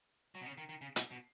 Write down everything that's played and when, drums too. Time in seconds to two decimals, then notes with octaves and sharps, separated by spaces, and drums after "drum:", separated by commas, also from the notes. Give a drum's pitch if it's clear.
0.35 F#3
0.41 B2
0.46 C#3
0.57 D#3
0.69 D#3
0.81 C#3
0.96 B2, drum: hi-hat
1.11 B2